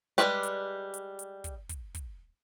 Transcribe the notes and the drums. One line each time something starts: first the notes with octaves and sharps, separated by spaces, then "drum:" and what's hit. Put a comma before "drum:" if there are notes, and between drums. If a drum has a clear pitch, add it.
G3 G#3 B4 D5, drum: hi-hat
drum: hi-hat
drum: hi-hat
drum: hi-hat
drum: kick, hi-hat
drum: kick, hi-hat
drum: kick, hi-hat